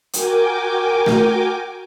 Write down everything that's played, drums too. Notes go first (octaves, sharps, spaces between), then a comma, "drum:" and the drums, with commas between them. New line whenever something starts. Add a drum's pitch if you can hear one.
F#4 A#4 G5 G#5 D6, drum: hi-hat
drum: snare A3